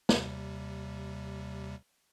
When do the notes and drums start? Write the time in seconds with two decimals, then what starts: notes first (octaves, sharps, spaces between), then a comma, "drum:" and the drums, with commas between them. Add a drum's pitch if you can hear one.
0.09 D#2 C3 G3, drum: snare